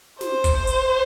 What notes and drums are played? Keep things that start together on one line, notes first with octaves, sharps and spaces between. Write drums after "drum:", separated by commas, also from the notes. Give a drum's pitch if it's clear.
C5, drum: snare
drum: kick, hi-hat
drum: hi-hat